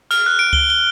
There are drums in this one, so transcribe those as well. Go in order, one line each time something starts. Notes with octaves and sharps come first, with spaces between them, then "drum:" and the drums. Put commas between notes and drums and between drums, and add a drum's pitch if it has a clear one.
F6, drum: cymbal
F#6
D7
G7, drum: kick C#2
G7